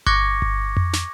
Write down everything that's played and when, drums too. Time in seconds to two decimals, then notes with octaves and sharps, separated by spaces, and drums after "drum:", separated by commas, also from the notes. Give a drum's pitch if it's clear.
0.07 C#6 D6 F#6 G#6 A#6 C#7, drum: kick G1
0.42 drum: kick G1
0.77 drum: tom F2
0.93 drum: snare